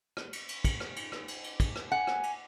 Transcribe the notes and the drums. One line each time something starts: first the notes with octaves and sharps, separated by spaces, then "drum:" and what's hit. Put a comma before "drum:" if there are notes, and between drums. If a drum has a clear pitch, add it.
drum: rim click
drum: cymbal
drum: cymbal
drum: kick, cymbal
drum: rim click
drum: cymbal
drum: rim click
drum: cymbal
drum: cymbal
drum: kick, cymbal
drum: rim click
F#5 G#5
drum: rim click
drum: cymbal